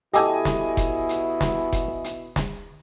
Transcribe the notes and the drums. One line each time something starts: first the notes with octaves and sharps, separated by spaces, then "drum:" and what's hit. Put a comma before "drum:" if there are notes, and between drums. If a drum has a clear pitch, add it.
B2 E4 G4 A4 D#5 G#5, drum: hi-hat
drum: snare
drum: kick F1, hi-hat
drum: hi-hat
drum: snare
drum: kick F1, hi-hat
drum: hi-hat
drum: snare